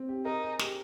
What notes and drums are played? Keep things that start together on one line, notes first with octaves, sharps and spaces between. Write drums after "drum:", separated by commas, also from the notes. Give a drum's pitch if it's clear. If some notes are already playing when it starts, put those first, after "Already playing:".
Already playing: C4
G4
D#4 A#4
G#4
G4, drum: snare